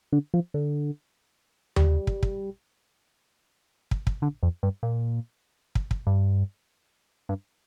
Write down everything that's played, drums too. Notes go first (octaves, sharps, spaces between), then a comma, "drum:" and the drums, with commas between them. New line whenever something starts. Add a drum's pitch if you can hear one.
D3
F3
D3
G3, drum: tom D#2
drum: kick
drum: kick
drum: kick
drum: kick
D3
F2
G2
A#2
drum: kick
drum: kick
G2
G2